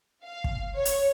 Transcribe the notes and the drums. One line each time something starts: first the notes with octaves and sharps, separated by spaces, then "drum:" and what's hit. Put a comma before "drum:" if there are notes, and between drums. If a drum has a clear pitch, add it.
F5
drum: kick
C#5
drum: hi-hat